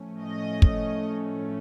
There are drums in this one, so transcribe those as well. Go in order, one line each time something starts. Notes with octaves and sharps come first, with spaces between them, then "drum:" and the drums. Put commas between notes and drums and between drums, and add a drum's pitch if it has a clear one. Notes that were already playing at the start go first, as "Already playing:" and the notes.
Already playing: A2 F3 A3 C#4
D#5
drum: kick